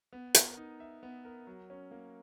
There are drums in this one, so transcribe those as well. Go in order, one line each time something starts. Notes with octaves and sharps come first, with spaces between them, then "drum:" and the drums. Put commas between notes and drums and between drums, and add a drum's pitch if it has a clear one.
B3
A#4, drum: hi-hat
D#4
E5
B3
A#4
F#3
C#4
A#3